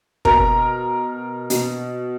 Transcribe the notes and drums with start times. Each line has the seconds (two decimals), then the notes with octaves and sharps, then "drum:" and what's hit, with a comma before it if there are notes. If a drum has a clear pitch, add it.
0.25 B2 A#4 A#5, drum: kick
1.50 B2, drum: hi-hat